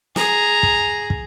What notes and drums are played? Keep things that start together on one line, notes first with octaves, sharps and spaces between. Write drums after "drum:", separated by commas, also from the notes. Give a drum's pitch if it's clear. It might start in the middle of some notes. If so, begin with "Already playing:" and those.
G#4 A#5, drum: snare
drum: kick
drum: kick